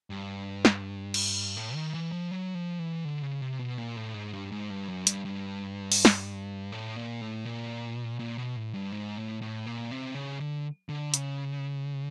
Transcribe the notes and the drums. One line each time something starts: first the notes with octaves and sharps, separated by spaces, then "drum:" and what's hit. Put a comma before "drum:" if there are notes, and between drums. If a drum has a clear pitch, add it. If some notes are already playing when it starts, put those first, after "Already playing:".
G2
drum: snare
drum: cymbal
A2
D#3
E3
F3
F#3
F3
E3
D3
C#3
C3
B2
A#2
A2
G#2
G2
G#2
G2
F#2
G2, drum: hi-hat
G2
drum: open hi-hat
drum: snare
A2
A#2
A2
A#2
A#2
B2
A2
G2
G#2
A2
A2
A#2
C3
C#3
D3
D3
C#3, drum: hi-hat